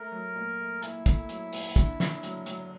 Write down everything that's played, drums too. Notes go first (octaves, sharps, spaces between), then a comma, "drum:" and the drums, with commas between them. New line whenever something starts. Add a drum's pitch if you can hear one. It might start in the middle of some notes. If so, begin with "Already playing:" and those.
Already playing: A3 A#4
F#3
A#2
A3
A#2 E4, drum: hi-hat
A3, drum: kick, hi-hat
F#3, drum: hi-hat
A#2, drum: open hi-hat
D3, drum: kick, hi-hat
F#1, drum: snare
F#3, drum: hi-hat
F#3, drum: hi-hat